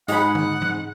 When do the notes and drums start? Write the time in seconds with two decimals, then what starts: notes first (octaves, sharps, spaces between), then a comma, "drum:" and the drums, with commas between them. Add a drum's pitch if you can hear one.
0.08 G#2 D#4 G#4 F#5 B5, drum: hi-hat
0.35 drum: tom D3
0.62 drum: tom E3